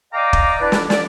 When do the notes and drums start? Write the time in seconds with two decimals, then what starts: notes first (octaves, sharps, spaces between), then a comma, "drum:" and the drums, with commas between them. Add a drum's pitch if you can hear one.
0.13 D5 D#5 F5 G5 A#5 D6
0.33 drum: kick
0.61 D4 E4 B4 D5
0.72 drum: snare
0.90 D5, drum: snare